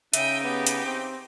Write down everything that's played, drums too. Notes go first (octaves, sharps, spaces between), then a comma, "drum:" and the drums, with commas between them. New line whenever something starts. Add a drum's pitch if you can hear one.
C#3 D#4 E5 G5 D#7, drum: hi-hat
B3 G4
drum: hi-hat
C4